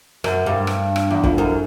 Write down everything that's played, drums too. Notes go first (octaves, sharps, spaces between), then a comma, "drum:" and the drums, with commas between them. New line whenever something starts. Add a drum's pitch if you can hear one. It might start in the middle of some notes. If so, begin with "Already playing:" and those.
F#2, drum: rim click
G2
drum: rim click
drum: rim click
E2
F2, drum: kick
F#2